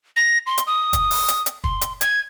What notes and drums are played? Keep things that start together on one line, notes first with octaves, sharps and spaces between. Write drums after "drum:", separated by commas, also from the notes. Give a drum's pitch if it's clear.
A#6
C6
drum: hi-hat
D#6
drum: kick, hi-hat
drum: open hi-hat
drum: hi-hat
drum: hi-hat
C6, drum: kick
drum: hi-hat
G#6, drum: hi-hat